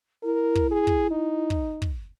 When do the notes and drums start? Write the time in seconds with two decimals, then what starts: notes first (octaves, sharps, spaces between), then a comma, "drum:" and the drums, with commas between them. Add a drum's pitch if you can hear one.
0.23 E4 A#4
0.55 drum: kick
0.71 G#4
0.87 drum: kick
1.11 D#4
1.50 drum: kick
1.82 drum: kick